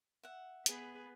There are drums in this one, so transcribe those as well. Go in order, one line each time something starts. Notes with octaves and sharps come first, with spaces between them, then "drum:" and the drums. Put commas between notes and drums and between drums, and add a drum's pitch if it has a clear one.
E5 F#5
B3 G#4 B4, drum: hi-hat